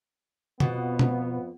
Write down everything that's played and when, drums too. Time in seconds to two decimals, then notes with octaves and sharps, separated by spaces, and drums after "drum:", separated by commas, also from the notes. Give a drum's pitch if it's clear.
0.60 F2 B2 F3 B3, drum: tom
0.99 drum: tom B2